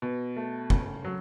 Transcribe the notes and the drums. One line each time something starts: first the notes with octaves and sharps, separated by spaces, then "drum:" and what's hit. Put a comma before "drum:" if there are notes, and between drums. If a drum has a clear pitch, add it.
B2
A3
C#3, drum: kick
F#3